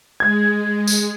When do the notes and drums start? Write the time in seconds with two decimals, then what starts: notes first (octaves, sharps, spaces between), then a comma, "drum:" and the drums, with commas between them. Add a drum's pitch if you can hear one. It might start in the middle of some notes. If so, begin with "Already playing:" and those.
0.20 G#3 G#6
0.87 drum: tambourine